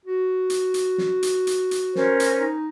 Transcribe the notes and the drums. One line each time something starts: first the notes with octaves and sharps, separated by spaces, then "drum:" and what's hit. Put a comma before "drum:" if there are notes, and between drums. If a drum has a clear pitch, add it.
F#4
drum: hi-hat
drum: hi-hat
drum: snare
drum: hi-hat
drum: hi-hat
drum: hi-hat
C#4 A#4 C5, drum: snare
drum: hi-hat
D#4